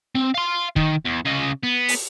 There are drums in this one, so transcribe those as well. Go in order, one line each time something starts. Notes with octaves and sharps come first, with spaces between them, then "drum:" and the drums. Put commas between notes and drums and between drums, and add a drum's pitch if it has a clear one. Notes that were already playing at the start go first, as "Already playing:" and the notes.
C4
F5 C6
D#3, drum: kick
E2
C#3 D#5
B3
drum: open hi-hat